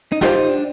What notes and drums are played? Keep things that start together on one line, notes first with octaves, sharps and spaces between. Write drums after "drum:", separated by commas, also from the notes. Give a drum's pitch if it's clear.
D#4
F4 G4 C5 G5, drum: snare
D#4
D4